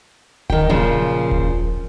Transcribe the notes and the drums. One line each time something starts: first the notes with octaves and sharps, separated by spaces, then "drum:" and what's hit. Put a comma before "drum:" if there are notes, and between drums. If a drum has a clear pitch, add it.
D#3 G5, drum: kick D#1
A#2 C#3 F3
drum: kick D#1